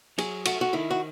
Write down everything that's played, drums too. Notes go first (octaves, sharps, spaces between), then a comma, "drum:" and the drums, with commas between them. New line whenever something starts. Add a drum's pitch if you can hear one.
F#3 G#4, drum: cymbal
A3 F#4, drum: cymbal
F#4
D#3 E4
F#4